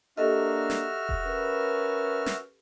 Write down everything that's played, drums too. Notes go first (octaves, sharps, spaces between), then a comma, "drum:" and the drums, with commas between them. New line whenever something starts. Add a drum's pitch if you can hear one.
A#3 D4 F#4 G4 A4 D#5 E5 F6
drum: snare
drum: kick E1
C#4 A#4 B4
drum: snare